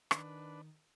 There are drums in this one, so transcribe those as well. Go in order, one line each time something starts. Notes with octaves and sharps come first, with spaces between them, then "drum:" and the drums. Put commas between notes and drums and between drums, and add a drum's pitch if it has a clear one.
D#3 D4 B4, drum: rim click